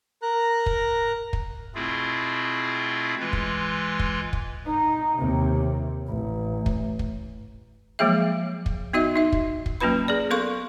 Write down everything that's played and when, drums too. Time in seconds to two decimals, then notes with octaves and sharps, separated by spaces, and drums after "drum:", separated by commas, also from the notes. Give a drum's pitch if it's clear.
0.22 A#4 A#5 F#6
0.66 drum: kick
1.33 drum: kick
1.75 B2 A3 C4 E4 F4 G#4
3.20 E3 G#3 F4 B4
3.33 drum: kick
3.99 drum: kick
4.33 drum: kick
4.66 D#4
5.17 D#2 C3
6.07 A1
6.66 drum: kick
6.99 drum: kick
7.99 F3 F#3 G#3 A#3 G#4 E5
8.66 drum: kick
8.93 B3 D#4 F#4 D#5 E5
9.16 D#4 E5
9.32 drum: kick
9.66 drum: kick
9.80 F#3 A#3 C#4 F4 B4 B5
10.08 G#4 D5
10.30 B3 A4 A#4 F5 C6 C#6